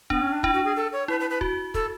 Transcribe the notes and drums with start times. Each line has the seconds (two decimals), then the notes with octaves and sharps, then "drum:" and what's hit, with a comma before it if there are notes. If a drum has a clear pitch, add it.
0.10 B3 D4, drum: kick
0.21 C#4
0.32 D4
0.43 D4 E4, drum: kick
0.54 F#4
0.65 G#4
0.76 A4
0.93 C#5
1.08 E4 B4
1.20 B4
1.30 B4
1.41 F#4, drum: kick
1.74 A4, drum: kick